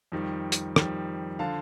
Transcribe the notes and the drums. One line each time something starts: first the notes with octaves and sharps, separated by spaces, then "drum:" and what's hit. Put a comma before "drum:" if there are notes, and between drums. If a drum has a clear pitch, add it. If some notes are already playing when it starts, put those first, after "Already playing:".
F2 D#3 G3
drum: hi-hat
F2 D#3 G3, drum: rim click
D3 F3 F5 A5